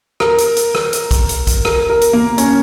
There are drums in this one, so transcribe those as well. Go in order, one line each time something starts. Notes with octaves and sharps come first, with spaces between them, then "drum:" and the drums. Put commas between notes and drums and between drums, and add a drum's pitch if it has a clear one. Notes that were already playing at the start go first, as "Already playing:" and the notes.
A#4, drum: rim click
drum: hi-hat
drum: hi-hat
drum: rim click
drum: hi-hat
drum: kick, hi-hat
drum: hi-hat
drum: kick, hi-hat
A#4, drum: rim click
A#4
drum: hi-hat
A#3
C#4, drum: hi-hat